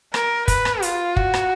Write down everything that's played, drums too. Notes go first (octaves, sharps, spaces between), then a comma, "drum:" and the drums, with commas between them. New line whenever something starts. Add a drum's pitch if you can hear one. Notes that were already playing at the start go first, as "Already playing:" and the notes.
A#4, drum: rim click
B4, drum: kick, hi-hat
drum: rim click
F4, drum: hi-hat
F#4, drum: kick
drum: rim click